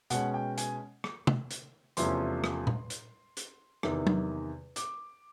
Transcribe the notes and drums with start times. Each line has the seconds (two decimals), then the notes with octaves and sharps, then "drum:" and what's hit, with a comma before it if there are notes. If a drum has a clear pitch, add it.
0.10 B2 G#3 C#4 F#5, drum: hi-hat
0.34 G5
0.58 G#5, drum: hi-hat
1.04 drum: rim click
1.27 drum: tom
1.51 drum: hi-hat
1.97 E2 C3 F3 A3 C#4 C6, drum: hi-hat
2.44 drum: rim click
2.67 drum: tom A#2
2.90 drum: hi-hat
3.37 drum: hi-hat
3.83 E2 C3 D#3, drum: rim click
4.07 drum: tom
4.76 D6, drum: hi-hat